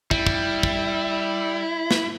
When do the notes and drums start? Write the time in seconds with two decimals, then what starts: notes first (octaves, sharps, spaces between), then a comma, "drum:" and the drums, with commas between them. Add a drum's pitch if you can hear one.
0.11 G3 E4, drum: kick
0.27 drum: kick
0.63 drum: kick
1.91 drum: snare